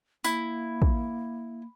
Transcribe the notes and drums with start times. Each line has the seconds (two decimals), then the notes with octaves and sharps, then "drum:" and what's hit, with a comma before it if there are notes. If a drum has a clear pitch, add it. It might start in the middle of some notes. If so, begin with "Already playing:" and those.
0.24 A#3 E4, drum: tambourine
0.82 drum: kick